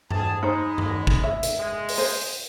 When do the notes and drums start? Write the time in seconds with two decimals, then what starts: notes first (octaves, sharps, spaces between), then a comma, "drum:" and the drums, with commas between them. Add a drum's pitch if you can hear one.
0.10 G#4 A5, drum: tom G2
0.43 G#3 D#4 C5 D#5 B5
0.78 drum: tom G2
1.07 drum: kick
1.24 E5
1.43 drum: hi-hat
1.58 G#3
1.88 drum: open hi-hat
1.98 C5